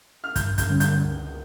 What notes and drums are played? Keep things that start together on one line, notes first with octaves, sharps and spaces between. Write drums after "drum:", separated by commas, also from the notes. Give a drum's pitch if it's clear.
F6
G2 G6, drum: kick, hi-hat
G6, drum: kick, hi-hat
D3 G3 C#4
G6, drum: hi-hat
C#2